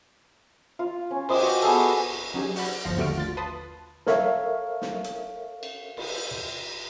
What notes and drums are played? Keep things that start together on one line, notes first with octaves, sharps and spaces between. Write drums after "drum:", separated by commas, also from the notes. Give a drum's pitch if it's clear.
F4
C#4
C5 D#5 G5 D6, drum: cymbal
F#4
B3 G#4 A4, drum: cymbal
F#3 C#4 D#4 G4 G#4
F#4 D5 F#5 B5, drum: open hi-hat
G1 F3 F5 A#6
D#2 D3 A3 F#4 F6 D7
F4 A6
B4 A5 B5 C6 D#6
A4 A#4 C#5 E5 F5, drum: snare
drum: snare
drum: hi-hat
drum: cymbal
drum: cymbal